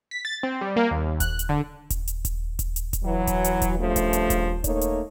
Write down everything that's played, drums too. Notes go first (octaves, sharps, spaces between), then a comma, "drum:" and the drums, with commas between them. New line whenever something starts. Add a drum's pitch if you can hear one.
B6
A6
C4
G3
A#3
D#2
F#6, drum: kick D#1, hi-hat
drum: hi-hat
D3
drum: kick D#1, hi-hat
drum: hi-hat
drum: kick D#1, hi-hat
drum: kick D#1, hi-hat
drum: hi-hat
drum: kick D#1, hi-hat
E3 F#3
drum: kick D#1, hi-hat
drum: hi-hat
drum: kick D#1, hi-hat
G2 C#3 F3 A3
drum: kick D#1, hi-hat
drum: hi-hat
drum: kick D#1, hi-hat
A3 A#3 D#4 C#5, drum: kick D#1, hi-hat
drum: hi-hat